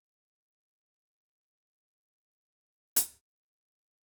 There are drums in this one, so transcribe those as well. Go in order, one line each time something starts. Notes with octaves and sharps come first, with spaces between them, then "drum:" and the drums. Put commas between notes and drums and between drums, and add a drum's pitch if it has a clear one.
D#2 G3 D#4 F5
B5 D6
drum: hi-hat
D5 D#5
G#3 A#3 E4